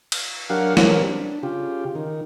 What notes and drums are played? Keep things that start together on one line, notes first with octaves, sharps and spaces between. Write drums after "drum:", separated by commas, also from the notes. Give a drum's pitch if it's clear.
drum: cymbal
F#3 D4 G4 A#4 F5 F#5
E3 F#3 G3 C4 C#4 A#4, drum: snare
D4
C#3 F4 G4
D#3